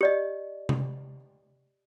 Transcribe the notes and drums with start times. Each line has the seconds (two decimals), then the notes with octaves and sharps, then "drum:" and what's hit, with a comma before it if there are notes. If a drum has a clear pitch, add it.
0.01 G4 D5 D#5
0.69 drum: tom C3